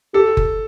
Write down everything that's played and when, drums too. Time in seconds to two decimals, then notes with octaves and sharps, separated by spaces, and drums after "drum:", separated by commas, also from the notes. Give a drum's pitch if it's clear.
0.13 G4 A4
0.37 drum: kick F#1